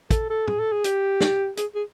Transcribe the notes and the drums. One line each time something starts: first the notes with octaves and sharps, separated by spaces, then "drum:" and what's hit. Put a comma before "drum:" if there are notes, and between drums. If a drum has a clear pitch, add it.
A4, drum: kick, hi-hat
A4
G#4, drum: tom
A4
G#4
G4, drum: hi-hat
drum: snare
G#4, drum: hi-hat
G#4